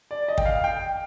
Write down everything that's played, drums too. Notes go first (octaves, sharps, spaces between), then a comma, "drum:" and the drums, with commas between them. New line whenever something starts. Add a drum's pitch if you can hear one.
D5
D#5
G5, drum: kick
F5
G5